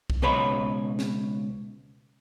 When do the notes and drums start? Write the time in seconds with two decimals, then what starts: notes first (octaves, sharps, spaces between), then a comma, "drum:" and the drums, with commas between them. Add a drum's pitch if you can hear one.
0.10 drum: kick
0.22 C#2 B2 B4 C#5 B5
0.99 drum: snare